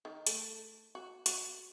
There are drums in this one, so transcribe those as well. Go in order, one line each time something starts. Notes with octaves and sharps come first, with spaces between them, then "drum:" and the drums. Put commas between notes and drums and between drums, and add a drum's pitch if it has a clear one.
D#3
A3, drum: hi-hat
F#4
F#4, drum: hi-hat